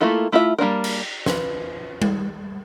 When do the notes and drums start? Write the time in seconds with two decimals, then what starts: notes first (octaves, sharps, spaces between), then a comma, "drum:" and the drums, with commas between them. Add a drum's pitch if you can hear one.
0.01 A3 A#3 E4 F4 A4
0.32 A3 E4 F4 A4 E5
0.58 G3 A#3 D4 A#4
0.84 drum: cymbal
1.26 F3 B4, drum: snare
2.02 drum: tom G3